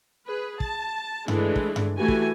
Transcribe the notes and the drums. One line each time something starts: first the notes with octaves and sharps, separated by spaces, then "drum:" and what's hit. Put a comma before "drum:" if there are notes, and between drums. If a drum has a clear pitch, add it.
G#4 B4
A5, drum: kick
E3 G#3 A3 D4, drum: tom G2
drum: kick
drum: tom G2
E3 A3 F#4 G4 G#5
drum: kick